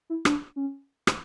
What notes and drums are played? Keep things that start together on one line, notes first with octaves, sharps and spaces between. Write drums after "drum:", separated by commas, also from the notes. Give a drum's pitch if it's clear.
E4
D4, drum: rim click
C#4
drum: rim click